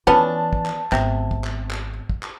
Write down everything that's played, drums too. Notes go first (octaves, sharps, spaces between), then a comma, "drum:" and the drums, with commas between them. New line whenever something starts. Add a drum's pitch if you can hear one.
E3 B3 C#4 D4 A5
drum: kick
drum: clap
G#1 C3 B3, drum: clap
drum: kick
drum: clap
drum: clap
drum: kick
drum: clap